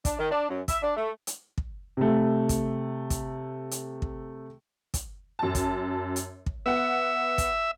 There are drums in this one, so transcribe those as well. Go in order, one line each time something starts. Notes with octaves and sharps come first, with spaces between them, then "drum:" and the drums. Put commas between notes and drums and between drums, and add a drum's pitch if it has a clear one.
D4, drum: kick, hi-hat
D#3
D4
F#2
E5, drum: kick, hi-hat
D4
A3
drum: hi-hat
drum: kick
C3 A3
drum: kick, hi-hat
drum: kick, hi-hat
drum: hi-hat
drum: kick
drum: kick, hi-hat
F#2 A5
drum: kick, hi-hat
drum: hi-hat
drum: kick
B3 E5 F#5
drum: kick, hi-hat